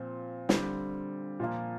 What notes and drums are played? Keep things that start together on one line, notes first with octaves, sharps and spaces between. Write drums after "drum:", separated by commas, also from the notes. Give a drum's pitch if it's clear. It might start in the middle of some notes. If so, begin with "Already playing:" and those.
Already playing: A#2 F3 C4
D3 G3 C4, drum: snare
A#2 F3 A#3